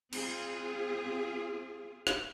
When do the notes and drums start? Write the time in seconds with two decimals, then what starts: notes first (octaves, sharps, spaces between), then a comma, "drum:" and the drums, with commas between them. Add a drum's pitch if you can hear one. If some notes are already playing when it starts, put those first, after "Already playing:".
0.13 C4 F4 G#4, drum: cymbal
2.07 drum: rim click